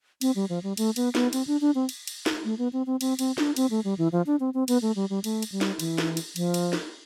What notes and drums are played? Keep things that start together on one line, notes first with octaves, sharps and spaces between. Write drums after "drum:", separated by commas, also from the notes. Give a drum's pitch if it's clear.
C4, drum: cymbal
G3
F3
G3
A3, drum: cymbal
B3, drum: cymbal
B3, drum: snare
C4, drum: cymbal
D4
D4
C4
drum: cymbal
drum: cymbal
drum: snare
A3
B3
C4
C4
C4, drum: cymbal
C4, drum: cymbal
D4, drum: snare
C4, drum: cymbal
A3
G3
E3
F3
D4
C4
C4
B3, drum: cymbal
A3
G3
G3
A3, drum: cymbal
drum: cymbal
G3
drum: snare
E3, drum: cymbal
drum: snare
drum: cymbal
F3, drum: cymbal
drum: cymbal
drum: snare